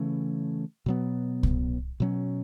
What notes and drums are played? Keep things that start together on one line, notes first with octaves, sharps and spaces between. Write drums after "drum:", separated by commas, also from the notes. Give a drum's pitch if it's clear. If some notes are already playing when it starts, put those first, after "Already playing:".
Already playing: C#3 E3 A3 C#4
B2 F#3 B3
drum: kick C2
B2 F#3 C#4